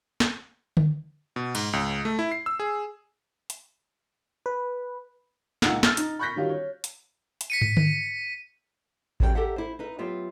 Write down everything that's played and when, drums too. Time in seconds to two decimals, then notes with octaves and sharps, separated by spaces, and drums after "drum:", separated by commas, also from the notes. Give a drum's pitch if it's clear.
0.20 drum: snare
0.77 drum: tom D3
1.36 B2
1.55 G#2, drum: cymbal
1.73 C#2
2.05 A3
2.19 E4
2.31 C7
2.46 E6
2.60 G#4
3.50 drum: hi-hat
4.46 B4
5.62 C#2 A#2 D#4 F#5 E6, drum: snare
5.83 E6 F6 A6, drum: snare
5.97 D#4, drum: hi-hat
6.19 B5 C#6 F#6 G6 A#6 B6
6.36 D#3 F#3 G3 F4 G4
6.49 C#5
6.84 drum: hi-hat
7.41 drum: hi-hat
7.50 B6 C#7 D#7
7.61 drum: tom
7.77 drum: tom D3
9.20 E2 C#3 F#3 G4 B4 G5, drum: kick A1
9.35 G4 A4 A#4 E5 F#5
9.56 E4 C5
9.79 D#4 B4 E5
9.99 F#3 B3 F4 G4 E5